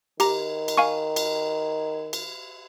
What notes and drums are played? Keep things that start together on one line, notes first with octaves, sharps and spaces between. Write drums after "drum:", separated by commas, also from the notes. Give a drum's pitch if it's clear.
D#3 G4 A#5, drum: cymbal
drum: cymbal
F5 G#5 C#6
drum: cymbal
drum: cymbal